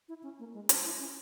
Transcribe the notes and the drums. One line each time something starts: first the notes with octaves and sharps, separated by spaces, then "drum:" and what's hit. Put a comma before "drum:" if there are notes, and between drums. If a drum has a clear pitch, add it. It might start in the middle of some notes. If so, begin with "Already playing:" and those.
E4
C#4
A#3
G#3
C#4, drum: hi-hat
E4
C#4